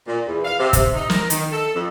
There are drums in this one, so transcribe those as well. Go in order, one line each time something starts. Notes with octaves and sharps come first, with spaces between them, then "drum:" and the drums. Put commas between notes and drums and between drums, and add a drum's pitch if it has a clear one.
A#2
E2
F5
C3
C3, drum: kick, hi-hat
D#4
A#4, drum: snare
D#3, drum: hi-hat
A4
F2